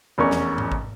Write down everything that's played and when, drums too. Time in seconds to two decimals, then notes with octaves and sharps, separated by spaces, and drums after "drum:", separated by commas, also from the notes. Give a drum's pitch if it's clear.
0.18 F1 E2 C#4 A#4 C#6
0.31 drum: snare
0.58 drum: tom G#2
0.72 drum: kick G#1